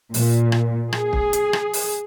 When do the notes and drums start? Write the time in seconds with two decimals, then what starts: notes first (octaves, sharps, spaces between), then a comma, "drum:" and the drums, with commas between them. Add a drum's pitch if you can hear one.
0.14 A#2, drum: open hi-hat
0.52 drum: rim click
0.93 G#4, drum: rim click
1.13 drum: kick
1.33 drum: hi-hat
1.53 drum: rim click
1.73 drum: open hi-hat